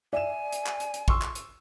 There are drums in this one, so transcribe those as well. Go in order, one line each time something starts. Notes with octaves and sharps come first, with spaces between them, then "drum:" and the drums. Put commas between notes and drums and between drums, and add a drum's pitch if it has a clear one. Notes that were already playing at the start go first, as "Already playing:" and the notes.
D5 E5 G#5 E7
drum: hi-hat
drum: clap
drum: hi-hat
drum: hi-hat
C6 C#6 E6, drum: kick
drum: clap
drum: hi-hat